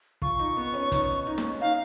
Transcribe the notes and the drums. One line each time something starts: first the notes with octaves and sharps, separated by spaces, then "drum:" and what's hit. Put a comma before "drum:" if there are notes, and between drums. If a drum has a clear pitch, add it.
F4 C#6, drum: kick
D#4
B3
C#4
D#4, drum: kick, hi-hat
D#4
drum: snare
D#4 F5